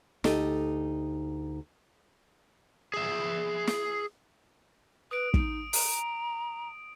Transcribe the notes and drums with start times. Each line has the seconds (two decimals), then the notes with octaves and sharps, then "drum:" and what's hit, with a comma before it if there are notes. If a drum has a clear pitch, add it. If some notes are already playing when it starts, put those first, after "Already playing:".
0.24 D2 D#4 G4 A4 D#5, drum: snare
2.94 G#4 E5
3.67 drum: snare
5.11 B4 D#6 D7
5.34 D#4, drum: kick
5.73 A#5, drum: open hi-hat